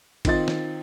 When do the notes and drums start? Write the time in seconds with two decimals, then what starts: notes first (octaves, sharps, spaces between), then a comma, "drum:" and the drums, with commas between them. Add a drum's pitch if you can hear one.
0.25 D#3 C4 F4 D#5 A6, drum: kick A1, cymbal
0.48 drum: snare